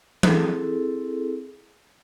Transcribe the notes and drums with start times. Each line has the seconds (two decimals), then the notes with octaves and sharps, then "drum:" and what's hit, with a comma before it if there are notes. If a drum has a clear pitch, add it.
0.23 C4 E4 G#4 A4, drum: tom E3